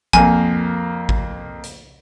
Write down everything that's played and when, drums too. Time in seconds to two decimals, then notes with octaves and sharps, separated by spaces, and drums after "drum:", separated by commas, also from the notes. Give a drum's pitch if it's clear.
0.13 F2 A#3 G#5, drum: kick G#1
1.09 drum: kick G#1
1.64 drum: hi-hat